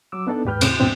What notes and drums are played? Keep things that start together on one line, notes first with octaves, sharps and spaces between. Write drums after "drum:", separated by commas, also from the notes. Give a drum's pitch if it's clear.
F#3 D6 E6
B3 D4 D#4 A4 D5
D#2 G#2 G4 B4 F6 G6
E2 A2 C#3 C4, drum: cymbal
D#2 G#2 B2 E3 C4 D4